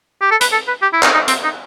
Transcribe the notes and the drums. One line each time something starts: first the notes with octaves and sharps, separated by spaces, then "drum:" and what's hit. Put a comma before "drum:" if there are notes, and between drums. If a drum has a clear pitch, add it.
G4
A4
B4, drum: hi-hat
A4
B4
G4
E4
D#4, drum: clap
D#4
C4, drum: hi-hat
D#4